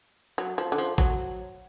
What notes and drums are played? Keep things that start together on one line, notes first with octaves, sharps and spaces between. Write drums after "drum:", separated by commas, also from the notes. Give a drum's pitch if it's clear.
F#3
F3
D3
F3
F#3, drum: kick